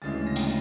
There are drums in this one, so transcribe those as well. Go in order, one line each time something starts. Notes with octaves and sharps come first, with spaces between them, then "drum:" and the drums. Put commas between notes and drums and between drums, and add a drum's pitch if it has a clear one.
D2 C#3 E3 G#3 A6
A#6
drum: hi-hat